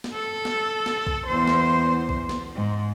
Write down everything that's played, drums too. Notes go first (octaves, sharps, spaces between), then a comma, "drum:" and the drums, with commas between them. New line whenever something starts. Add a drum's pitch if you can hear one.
drum: snare
A4
drum: snare
drum: snare
drum: kick B1
E2 C5
drum: snare
drum: kick B1
drum: snare
G#2